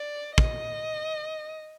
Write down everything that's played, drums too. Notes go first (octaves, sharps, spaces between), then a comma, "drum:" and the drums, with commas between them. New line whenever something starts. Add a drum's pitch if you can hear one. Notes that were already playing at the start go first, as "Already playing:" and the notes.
Already playing: D5
D#5, drum: kick